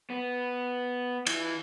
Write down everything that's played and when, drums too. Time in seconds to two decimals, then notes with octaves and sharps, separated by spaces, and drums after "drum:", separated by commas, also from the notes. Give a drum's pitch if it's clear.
0.10 B3
1.27 E3, drum: cymbal